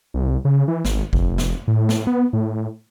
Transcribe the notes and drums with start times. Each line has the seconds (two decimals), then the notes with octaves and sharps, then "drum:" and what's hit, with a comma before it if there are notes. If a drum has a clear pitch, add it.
0.14 C2
0.45 C#3
0.68 E3
0.85 G#1, drum: snare
1.13 F1, drum: kick G#1
1.38 drum: snare
1.68 A2
1.89 drum: snare
2.07 B3
2.33 A2